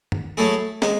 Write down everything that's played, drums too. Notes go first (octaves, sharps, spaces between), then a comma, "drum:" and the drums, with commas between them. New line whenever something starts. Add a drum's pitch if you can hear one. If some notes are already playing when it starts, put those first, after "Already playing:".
drum: tom
F#3 A3 E4 G#4
G#3, drum: snare